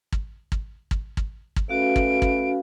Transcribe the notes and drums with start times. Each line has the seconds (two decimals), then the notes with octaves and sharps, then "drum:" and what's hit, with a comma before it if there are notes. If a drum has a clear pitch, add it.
0.12 drum: kick
0.52 drum: kick
0.91 drum: kick
1.17 drum: kick
1.56 drum: kick
1.69 A3 C#4 F#4 B4 F5 D7
1.96 drum: kick
2.22 drum: kick